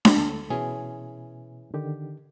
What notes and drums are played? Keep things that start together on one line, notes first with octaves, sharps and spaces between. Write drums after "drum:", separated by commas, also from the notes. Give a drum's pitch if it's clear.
drum: snare D4
D2 A4 A5
B2 E3 C#4 G#4
D3 D#3 G4